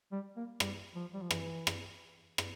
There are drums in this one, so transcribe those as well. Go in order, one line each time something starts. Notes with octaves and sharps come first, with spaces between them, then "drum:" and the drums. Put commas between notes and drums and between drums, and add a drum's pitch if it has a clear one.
G3
A#3
G3, drum: rim click
F3
G3
F3
E3, drum: rim click
drum: rim click
drum: rim click